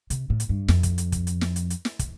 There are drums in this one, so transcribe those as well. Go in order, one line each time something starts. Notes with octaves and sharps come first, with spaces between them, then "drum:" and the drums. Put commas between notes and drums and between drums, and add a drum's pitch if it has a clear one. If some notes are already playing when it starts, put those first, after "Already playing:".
C3, drum: hi-hat
A2
drum: hi-hat
G2
F2, drum: snare
drum: kick, hi-hat
drum: hi-hat
drum: kick, hi-hat
drum: hi-hat
drum: snare
drum: hi-hat
drum: hi-hat
drum: snare
drum: kick, hi-hat